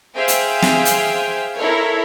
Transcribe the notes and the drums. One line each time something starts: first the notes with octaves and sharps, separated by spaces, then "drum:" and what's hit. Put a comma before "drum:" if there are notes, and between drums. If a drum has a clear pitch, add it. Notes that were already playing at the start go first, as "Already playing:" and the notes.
G#4 C5 E5 F5 G5
drum: hi-hat
drum: snare
drum: hi-hat
E4 A4 A#4 C#5